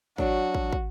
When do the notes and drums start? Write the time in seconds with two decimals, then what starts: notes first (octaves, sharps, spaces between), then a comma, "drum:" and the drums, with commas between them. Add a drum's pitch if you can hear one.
0.18 F#3 D4 F#4, drum: kick
0.55 drum: kick
0.73 drum: kick